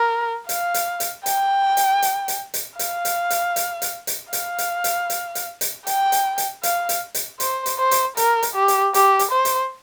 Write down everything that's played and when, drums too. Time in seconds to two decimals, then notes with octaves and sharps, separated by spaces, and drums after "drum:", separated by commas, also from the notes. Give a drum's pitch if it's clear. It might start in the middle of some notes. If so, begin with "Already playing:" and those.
Already playing: A#4
0.49 F5, drum: hi-hat
0.74 drum: hi-hat
1.00 drum: hi-hat
1.26 G5, drum: hi-hat
1.77 drum: hi-hat
2.02 drum: hi-hat
2.28 drum: hi-hat
2.54 drum: hi-hat
2.79 F5, drum: hi-hat
3.05 drum: hi-hat
3.30 drum: hi-hat
3.56 drum: hi-hat
3.82 drum: hi-hat
4.07 drum: hi-hat
4.33 F5, drum: hi-hat
4.58 drum: hi-hat
4.84 drum: hi-hat
5.10 drum: hi-hat
5.35 drum: hi-hat
5.61 drum: hi-hat
5.87 G5, drum: hi-hat
6.12 drum: hi-hat
6.38 drum: hi-hat
6.63 F5, drum: hi-hat
6.89 drum: hi-hat
7.14 drum: hi-hat
7.40 C5, drum: hi-hat
7.66 drum: hi-hat
7.79 C5
7.91 drum: hi-hat
8.17 A#4, drum: hi-hat
8.43 drum: hi-hat
8.55 G4
8.68 drum: hi-hat
8.94 G4, drum: hi-hat
9.19 drum: hi-hat
9.32 C5
9.45 drum: hi-hat